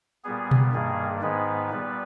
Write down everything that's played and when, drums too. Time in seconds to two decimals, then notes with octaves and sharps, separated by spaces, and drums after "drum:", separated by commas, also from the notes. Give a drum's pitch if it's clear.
0.24 A#2 G3 B3 G#4
0.51 drum: tom B2
0.72 G2 D#3 G3 A#3 G#4
1.22 G#2 D#3 G#3 B3 B4
1.70 A#2 G3 B3